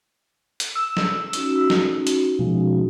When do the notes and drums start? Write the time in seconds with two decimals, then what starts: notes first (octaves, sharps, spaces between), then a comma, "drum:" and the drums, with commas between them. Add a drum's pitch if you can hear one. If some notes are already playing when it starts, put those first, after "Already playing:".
0.60 drum: hi-hat
0.76 E6
0.97 drum: snare
1.33 C#4 D#4 F#4, drum: hi-hat
1.70 drum: snare
2.07 drum: hi-hat
2.39 B2 F3 G#3